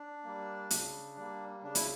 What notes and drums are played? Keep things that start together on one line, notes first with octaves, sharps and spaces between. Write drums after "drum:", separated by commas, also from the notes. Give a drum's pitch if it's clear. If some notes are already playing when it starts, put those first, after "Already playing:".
Already playing: D4
G3 A#3
C#3, drum: hi-hat
G3 A#3
C#3 D4
E4, drum: hi-hat